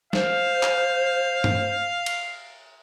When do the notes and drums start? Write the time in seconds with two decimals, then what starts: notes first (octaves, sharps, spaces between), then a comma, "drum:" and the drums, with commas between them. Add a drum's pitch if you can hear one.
0.13 C5 F5, drum: snare
0.63 drum: clap
1.44 drum: tom G2
2.06 drum: cymbal